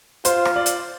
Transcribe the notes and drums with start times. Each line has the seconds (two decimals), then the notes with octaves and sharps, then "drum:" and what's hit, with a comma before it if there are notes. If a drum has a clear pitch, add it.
0.25 F4 C5, drum: hi-hat
0.45 drum: rim click
0.56 D5
0.66 drum: hi-hat